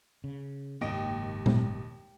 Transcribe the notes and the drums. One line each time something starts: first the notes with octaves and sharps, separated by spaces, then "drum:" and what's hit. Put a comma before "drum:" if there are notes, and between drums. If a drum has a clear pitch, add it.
C#3
F#1 D#2 G#2 A#3 G4 D#5 D7
drum: tom A#2